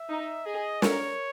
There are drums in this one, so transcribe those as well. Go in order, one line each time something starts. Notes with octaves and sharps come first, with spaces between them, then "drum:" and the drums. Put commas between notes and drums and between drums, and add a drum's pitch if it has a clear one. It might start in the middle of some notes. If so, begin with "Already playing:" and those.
Already playing: E5
D#4
G#4 D#5
A#4 C#5, drum: snare